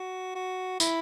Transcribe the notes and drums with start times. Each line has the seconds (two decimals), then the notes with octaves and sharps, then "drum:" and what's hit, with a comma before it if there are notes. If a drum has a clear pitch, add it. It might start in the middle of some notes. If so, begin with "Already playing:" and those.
Already playing: F#4
0.35 F#4
0.80 E4, drum: tambourine